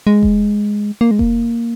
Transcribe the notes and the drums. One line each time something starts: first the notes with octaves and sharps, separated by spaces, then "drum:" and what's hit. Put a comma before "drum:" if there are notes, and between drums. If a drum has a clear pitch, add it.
G#3
drum: kick F1
A#3
G#3
A#3, drum: kick F1